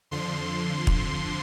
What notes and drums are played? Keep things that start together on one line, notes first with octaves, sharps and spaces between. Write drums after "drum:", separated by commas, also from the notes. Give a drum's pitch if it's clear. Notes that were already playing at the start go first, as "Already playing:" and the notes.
F2 D3 F3 C6
drum: kick